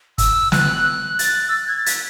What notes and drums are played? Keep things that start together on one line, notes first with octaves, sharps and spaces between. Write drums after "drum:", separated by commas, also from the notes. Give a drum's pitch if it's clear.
E6, drum: kick, hi-hat
F#6, drum: snare
A6, drum: hi-hat
E6
F#6
G#6
A6
B6, drum: hi-hat